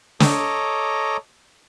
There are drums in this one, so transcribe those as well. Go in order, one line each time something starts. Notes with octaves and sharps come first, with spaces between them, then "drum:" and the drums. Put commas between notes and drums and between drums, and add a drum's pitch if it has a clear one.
A4 C#5 D#5 A#5 D6, drum: snare